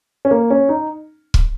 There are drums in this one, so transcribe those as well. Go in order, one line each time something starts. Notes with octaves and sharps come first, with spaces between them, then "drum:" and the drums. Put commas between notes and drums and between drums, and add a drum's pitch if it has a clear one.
C#4
A#3
C#4
D#4
drum: kick